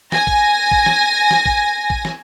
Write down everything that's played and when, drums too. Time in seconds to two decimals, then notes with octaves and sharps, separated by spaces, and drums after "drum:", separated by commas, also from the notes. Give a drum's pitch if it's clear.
0.12 G#5 A#6, drum: snare
0.27 drum: kick
0.71 drum: kick
0.86 drum: snare
1.31 drum: snare
1.46 drum: kick
1.90 drum: kick
2.05 drum: snare